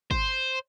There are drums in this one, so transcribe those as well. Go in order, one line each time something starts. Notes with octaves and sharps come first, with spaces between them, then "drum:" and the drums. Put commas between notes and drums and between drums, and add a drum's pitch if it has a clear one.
C5, drum: kick